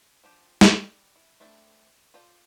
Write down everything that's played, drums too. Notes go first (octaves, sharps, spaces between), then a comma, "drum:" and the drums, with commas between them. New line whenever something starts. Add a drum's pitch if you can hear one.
F3 D4 G4
drum: snare
G3
E4
A3 C4 D4 E4 A4
F4 A4 C5 D5